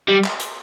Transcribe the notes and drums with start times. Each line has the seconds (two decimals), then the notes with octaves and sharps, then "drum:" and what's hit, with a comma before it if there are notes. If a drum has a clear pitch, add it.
0.08 G3
0.24 drum: clap
0.40 drum: hi-hat